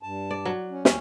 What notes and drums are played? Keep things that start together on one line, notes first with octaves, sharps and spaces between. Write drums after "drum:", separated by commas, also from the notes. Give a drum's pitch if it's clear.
G2 A5
D5
F#3
C#4
D#2 G3 C#4, drum: snare